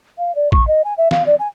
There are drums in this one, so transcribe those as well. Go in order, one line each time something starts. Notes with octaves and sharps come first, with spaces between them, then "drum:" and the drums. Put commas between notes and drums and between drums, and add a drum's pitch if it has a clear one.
F5
D5
C#6, drum: kick
D#5
G#5
E5
F5, drum: snare
D5
G#5